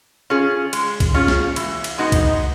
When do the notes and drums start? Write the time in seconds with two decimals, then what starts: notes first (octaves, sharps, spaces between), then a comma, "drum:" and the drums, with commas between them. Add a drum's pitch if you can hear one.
0.30 C#4 F4 G#4
0.73 G#3, drum: cymbal
1.00 drum: kick C2, cymbal
1.14 C#4 F4 G#4
1.28 drum: snare
1.56 E3, drum: cymbal
1.84 drum: cymbal
1.98 G#3 B3 D#4 F#4
2.12 drum: kick C2, cymbal